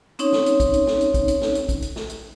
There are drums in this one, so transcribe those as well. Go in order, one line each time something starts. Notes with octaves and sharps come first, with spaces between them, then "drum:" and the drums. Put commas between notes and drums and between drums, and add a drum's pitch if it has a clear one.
C4 C#4 D#4 C#5, drum: hi-hat
drum: snare
drum: hi-hat
drum: kick, hi-hat
drum: hi-hat
drum: snare
drum: hi-hat
drum: kick, hi-hat
drum: hi-hat
drum: snare
drum: hi-hat
drum: kick, hi-hat
drum: hi-hat
drum: snare
drum: hi-hat